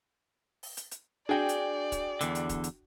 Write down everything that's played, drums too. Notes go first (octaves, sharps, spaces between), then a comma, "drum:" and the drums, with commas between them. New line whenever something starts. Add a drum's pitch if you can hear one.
drum: open hi-hat
drum: hi-hat
drum: hi-hat
D4 F#4 G#4 D5 G5
drum: hi-hat
drum: kick, hi-hat
E2 D3, drum: hi-hat
drum: hi-hat
drum: kick, hi-hat
drum: hi-hat